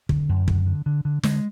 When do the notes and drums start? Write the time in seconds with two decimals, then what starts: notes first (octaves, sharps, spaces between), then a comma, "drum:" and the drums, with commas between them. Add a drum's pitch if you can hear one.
0.09 D3, drum: kick
0.29 F#2
0.48 D3, drum: kick
0.66 D3
0.86 D3
1.05 D3
1.23 D3 G#3, drum: snare